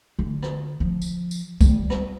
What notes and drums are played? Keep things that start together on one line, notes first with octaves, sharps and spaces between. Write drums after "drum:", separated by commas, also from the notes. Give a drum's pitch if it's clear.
D3
drum: rim click
F3
drum: tambourine
drum: tambourine
G3, drum: kick C2, tambourine
drum: rim click